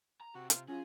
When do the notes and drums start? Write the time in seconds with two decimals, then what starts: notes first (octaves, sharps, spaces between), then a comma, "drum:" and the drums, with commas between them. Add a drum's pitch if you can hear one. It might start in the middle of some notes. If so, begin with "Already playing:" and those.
0.20 A#5
0.35 C3 F#4
0.50 F4, drum: hi-hat
0.68 F#3 C#4 F4 G#4